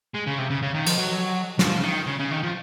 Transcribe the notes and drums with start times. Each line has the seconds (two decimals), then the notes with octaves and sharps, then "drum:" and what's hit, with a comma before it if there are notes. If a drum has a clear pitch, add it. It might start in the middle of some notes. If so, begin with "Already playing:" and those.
0.14 G#3
0.26 C#3
0.38 C3
0.50 C#3
0.63 C#3
0.75 D#3
0.86 F3, drum: cymbal
0.98 F#3
1.59 F3, drum: snare
1.78 C#3
1.84 D#3
2.07 C#3
2.20 C#3
2.31 D#3
2.43 F3